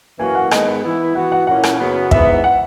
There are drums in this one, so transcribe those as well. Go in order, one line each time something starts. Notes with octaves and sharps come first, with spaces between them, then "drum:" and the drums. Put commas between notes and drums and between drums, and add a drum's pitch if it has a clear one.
F#2 E3 A#3 C#4 F#4 G#5
F#5
G#2 D#3 G#3 B3 D#5, drum: rim click
E3 B3 E4
E3 B3 F#4 F#5
F#5
A#2 A#3 C#4 E4 F#5
drum: rim click
F#2 C#3 F#3 B3
G#2 E3 B3 E5, drum: kick
F#5